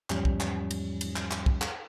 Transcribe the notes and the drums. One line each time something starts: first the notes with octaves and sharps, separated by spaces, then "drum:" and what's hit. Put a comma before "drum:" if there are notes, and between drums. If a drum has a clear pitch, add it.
E2 G#2 F3 G3 C#4, drum: clap
drum: kick
drum: clap
drum: cymbal
drum: cymbal
drum: clap
drum: clap
drum: kick
drum: clap